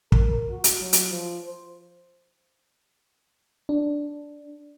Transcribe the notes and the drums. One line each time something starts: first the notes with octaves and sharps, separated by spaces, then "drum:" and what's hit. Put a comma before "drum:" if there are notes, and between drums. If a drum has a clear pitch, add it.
A#4, drum: kick
F#4
drum: hi-hat
F#3
drum: hi-hat
F3
C5
D4